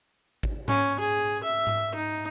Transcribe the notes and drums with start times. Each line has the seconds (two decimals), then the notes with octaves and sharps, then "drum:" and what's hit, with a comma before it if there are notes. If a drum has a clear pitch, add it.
0.43 drum: kick G#1
0.68 C#4, drum: tom G#2
1.00 G#4
1.44 E5
1.67 drum: tom G#2
1.95 D#4